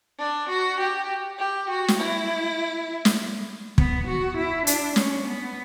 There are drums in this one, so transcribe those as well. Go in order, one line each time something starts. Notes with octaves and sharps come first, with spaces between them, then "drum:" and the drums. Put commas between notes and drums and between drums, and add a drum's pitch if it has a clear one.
D4
F#4
G4
G4
F#4
drum: snare
E4
drum: snare
B3, drum: kick
F#4
E4
D4, drum: hi-hat
C#4, drum: snare
B3